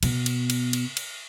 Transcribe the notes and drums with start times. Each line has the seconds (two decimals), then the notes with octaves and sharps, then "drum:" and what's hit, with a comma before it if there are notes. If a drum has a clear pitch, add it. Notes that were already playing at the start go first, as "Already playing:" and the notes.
0.03 B2 B3, drum: cymbal
0.26 drum: cymbal
0.50 drum: cymbal
0.73 drum: cymbal
0.97 drum: cymbal